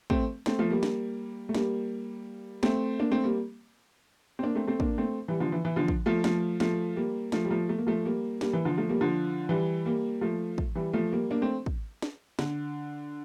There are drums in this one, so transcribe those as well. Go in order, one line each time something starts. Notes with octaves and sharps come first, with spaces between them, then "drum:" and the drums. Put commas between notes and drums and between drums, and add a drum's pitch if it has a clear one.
A3 C4, drum: kick
A3 C4, drum: snare
F3 A3
G3 A#3
drum: snare
A3
G3 A#3, drum: snare
A3 C4, drum: snare
A#3 D4
A3 C4
G3 A#3
C4
A#3 D4
A3 C4
A3 C4
A#3 D4, drum: kick
A3 C4
E3 G3
D3 F3
E3
E3
D3 F3
drum: kick
F3 A3
F3 A3, drum: snare
F3 A3, drum: snare
G3 A#3
F3 A3, drum: snare
G3
F3 A3
A3
A#3
F3 A3
G3 A#3
G3 A#3, drum: snare
E3
D3 F3
F3 A3
G3 A#3
D3 F3
E3 G3
G3 A#3
F3 A3
drum: kick
E3 G3
F3 A3
G3 A#3
A#3 D4
A3 C4
drum: kick
drum: snare
D3, drum: snare